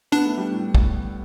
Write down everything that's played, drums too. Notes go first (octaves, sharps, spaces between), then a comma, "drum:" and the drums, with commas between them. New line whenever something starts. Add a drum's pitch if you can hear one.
B3 D4
A3
G3
A2
drum: kick